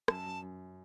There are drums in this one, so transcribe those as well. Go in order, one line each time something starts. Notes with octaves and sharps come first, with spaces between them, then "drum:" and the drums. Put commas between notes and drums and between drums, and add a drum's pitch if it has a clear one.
F#2 A5, drum: rim click
F#2
F#2